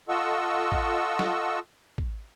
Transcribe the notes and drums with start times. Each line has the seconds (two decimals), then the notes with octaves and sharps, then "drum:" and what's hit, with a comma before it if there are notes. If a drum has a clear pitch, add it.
0.09 F4 A4 D#5 F#5 C#6 E6
0.72 drum: kick
1.19 drum: snare
1.98 drum: kick